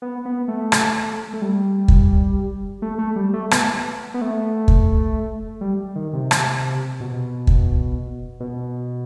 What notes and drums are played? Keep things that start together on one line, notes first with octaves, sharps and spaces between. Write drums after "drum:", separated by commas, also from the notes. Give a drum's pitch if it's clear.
B3
B3
A3
drum: rim click
A3
G3
drum: kick
A3
A3
G3
A3
B3, drum: rim click
B3
A3
drum: kick
G3
D#3
C3
drum: rim click
B2
drum: kick
B2